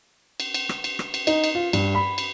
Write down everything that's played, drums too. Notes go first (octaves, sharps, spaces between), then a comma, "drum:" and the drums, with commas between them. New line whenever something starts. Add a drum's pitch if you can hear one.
drum: cymbal
drum: cymbal
drum: rim click
drum: cymbal
drum: rim click
drum: cymbal
D#4, drum: cymbal
drum: cymbal
F4
G2, drum: cymbal
B5
drum: cymbal